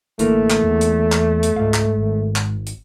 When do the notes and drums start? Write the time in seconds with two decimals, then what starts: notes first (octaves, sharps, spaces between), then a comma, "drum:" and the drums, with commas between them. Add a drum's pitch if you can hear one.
0.19 A1 D3 E3 A3 A#3, drum: hi-hat
0.50 drum: clap
0.64 E2
0.81 drum: hi-hat
1.12 drum: clap
1.43 drum: hi-hat
1.56 C#2 G#2 F5
1.74 drum: clap
1.97 G#1
2.36 drum: clap
2.67 drum: hi-hat